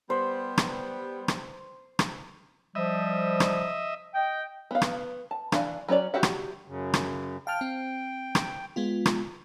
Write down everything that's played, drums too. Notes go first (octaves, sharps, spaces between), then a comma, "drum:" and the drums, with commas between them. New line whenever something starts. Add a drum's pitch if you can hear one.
G3 B3 C5
drum: rim click
drum: rim click
drum: rim click
F3 G3 D#5 E5
drum: rim click
D#5 G5
B3 F5
drum: rim click
A5
E3 D4 F5, drum: rim click
F#3 C#4 C#5 D5
F#4 G4 E5 F#5
drum: rim click
F#2 C#3
drum: rim click
F5 G5 A5 F6
C4
drum: rim click
G#3 B3 F4
drum: rim click